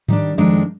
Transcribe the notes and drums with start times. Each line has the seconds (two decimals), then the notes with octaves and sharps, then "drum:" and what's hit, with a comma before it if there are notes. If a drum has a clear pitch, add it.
0.08 D#3 G3 D4, drum: tom G#2
0.38 F2 D#3 G#3 D4